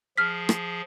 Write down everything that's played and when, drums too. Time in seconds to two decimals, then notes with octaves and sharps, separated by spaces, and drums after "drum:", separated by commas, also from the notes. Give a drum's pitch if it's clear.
0.18 F3 G#4 F6 B6
0.49 drum: rim click